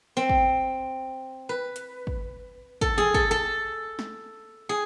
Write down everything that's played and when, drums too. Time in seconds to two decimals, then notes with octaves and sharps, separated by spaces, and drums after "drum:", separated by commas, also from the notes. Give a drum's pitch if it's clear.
0.17 C4
0.29 drum: kick
1.49 B4
1.76 drum: hi-hat
2.07 drum: kick
2.81 A4, drum: kick
2.98 G#4, drum: tom D#3
3.14 A4, drum: kick
3.31 A4
3.99 drum: snare
4.69 G#4